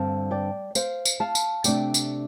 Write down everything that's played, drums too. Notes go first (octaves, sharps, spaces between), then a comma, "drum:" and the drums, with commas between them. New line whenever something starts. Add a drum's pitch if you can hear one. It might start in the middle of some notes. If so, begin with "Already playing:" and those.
Already playing: G2 D3 G3 C4 F5 A5
D5 G5
C5 F5, drum: tambourine
drum: tambourine
F5 A5
drum: tambourine
C3 A3 D4 D5 G5, drum: tambourine
drum: tambourine